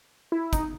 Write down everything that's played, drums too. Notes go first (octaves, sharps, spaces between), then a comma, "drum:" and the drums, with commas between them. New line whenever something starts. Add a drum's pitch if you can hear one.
E4
D#4, drum: kick, hi-hat